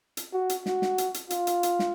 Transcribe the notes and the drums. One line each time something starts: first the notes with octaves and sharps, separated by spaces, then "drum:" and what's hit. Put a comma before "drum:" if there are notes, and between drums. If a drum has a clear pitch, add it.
drum: hi-hat
F#4
drum: hi-hat
F#4, drum: snare
drum: snare
drum: hi-hat
drum: hi-hat
F4, drum: hi-hat
drum: hi-hat
drum: hi-hat
drum: snare